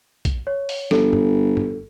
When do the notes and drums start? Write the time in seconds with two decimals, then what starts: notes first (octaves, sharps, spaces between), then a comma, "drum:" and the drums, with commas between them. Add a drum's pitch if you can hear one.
0.25 drum: kick, hi-hat
0.47 C#5
0.69 drum: open hi-hat
0.91 G1 A4, drum: snare
1.13 drum: tom
1.57 drum: tom